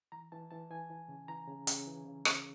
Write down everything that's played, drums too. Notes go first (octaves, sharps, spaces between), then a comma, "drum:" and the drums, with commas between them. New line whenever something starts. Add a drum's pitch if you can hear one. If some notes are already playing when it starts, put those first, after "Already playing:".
E3 A#5
E3 A5
E3 A5
E3 G#5
E3
C#3
E3 A#5
C#3
C#3, drum: hi-hat
E3
C#3
C#3, drum: rim click